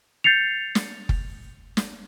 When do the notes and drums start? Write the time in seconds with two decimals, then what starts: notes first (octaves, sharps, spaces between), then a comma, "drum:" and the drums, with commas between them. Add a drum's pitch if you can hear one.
0.24 G6 A6 C7 C#7 F7
0.75 drum: snare
1.09 drum: kick F#1
1.77 drum: snare